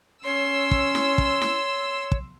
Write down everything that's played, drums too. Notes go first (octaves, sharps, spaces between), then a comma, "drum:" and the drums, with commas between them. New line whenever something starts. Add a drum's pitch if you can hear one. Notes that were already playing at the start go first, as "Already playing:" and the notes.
C#4 C#5 C6 E6
drum: kick
drum: snare E4
drum: kick
drum: snare E4
drum: kick